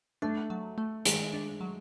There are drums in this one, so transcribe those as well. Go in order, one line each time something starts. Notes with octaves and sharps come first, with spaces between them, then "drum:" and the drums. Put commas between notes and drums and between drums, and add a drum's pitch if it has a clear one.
A3 D4
F#3
A3
D#3 G#3, drum: hi-hat
D4
F#3